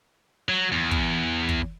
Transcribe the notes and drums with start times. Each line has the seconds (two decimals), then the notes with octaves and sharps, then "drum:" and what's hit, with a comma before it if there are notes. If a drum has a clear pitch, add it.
0.49 F#3
0.72 E2
0.91 drum: kick
1.49 drum: kick